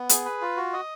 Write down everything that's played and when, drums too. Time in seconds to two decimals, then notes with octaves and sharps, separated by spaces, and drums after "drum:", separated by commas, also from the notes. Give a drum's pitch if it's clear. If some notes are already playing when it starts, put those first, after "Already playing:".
Already playing: B3
0.09 G#4, drum: hi-hat
0.25 B4
0.41 F4
0.57 F#4
0.73 D#5